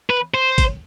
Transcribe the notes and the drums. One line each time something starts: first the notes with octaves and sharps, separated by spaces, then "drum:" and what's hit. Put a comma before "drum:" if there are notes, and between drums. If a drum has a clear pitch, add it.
B4
C5
drum: kick, hi-hat